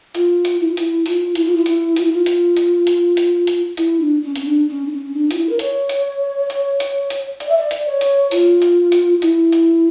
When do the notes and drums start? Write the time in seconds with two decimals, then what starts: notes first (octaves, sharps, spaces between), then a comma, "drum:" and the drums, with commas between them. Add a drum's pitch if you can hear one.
0.15 F4, drum: hi-hat
0.45 drum: hi-hat
0.60 E4
0.68 F4
0.77 E4, drum: hi-hat
1.06 F4, drum: open hi-hat
1.35 E4, drum: hi-hat
1.45 F4
1.55 E4
1.66 E4, drum: hi-hat
1.96 F4, drum: hi-hat
2.04 E4
2.12 F4
2.26 drum: hi-hat
2.57 drum: hi-hat
2.87 drum: hi-hat
3.17 drum: hi-hat
3.47 drum: hi-hat
3.77 E4, drum: hi-hat
4.00 D4
4.23 C#4
4.36 C#4, drum: hi-hat
4.45 D4
4.69 C#4
4.85 D4
4.92 C#4
5.14 D4
5.31 F4, drum: hi-hat
5.36 E4
5.49 A#4
5.59 C#5, drum: hi-hat
5.89 drum: hi-hat
6.50 drum: hi-hat
6.80 drum: hi-hat
7.10 drum: hi-hat
7.40 D5, drum: hi-hat
7.49 E5
7.58 D5
7.71 drum: hi-hat
7.86 C#5
8.01 drum: hi-hat
8.31 F4, drum: open hi-hat
8.62 drum: hi-hat
8.92 drum: hi-hat
9.22 E4, drum: hi-hat
9.52 drum: hi-hat